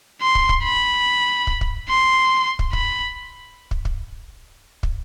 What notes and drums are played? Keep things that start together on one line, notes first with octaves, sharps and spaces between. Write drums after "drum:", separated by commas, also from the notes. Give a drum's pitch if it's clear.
C6
drum: kick
drum: kick
B5
drum: kick
drum: kick
C6
drum: kick
B5, drum: kick
drum: kick
drum: kick
drum: kick